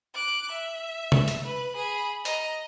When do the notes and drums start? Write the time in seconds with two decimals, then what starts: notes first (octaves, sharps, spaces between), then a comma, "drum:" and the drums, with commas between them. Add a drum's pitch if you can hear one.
0.15 D6 F#6
0.51 E5
1.12 drum: tom C3
1.28 drum: hi-hat
1.44 B4
1.76 G#4 B5
2.25 D#5 A#5, drum: hi-hat